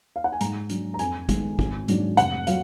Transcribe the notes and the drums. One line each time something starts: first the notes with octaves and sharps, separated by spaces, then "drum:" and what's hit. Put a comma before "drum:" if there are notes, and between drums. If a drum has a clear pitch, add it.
F5
F#5
G#5
G#2 A#5, drum: hi-hat
F#3 D4, drum: hi-hat
A#5
F2 G#5, drum: hi-hat
D#3 G#3 B3, drum: kick, hi-hat
G#1, drum: kick
G#2 F#3 D4, drum: hi-hat
F1 F#5, drum: hi-hat
F#3 F5, drum: hi-hat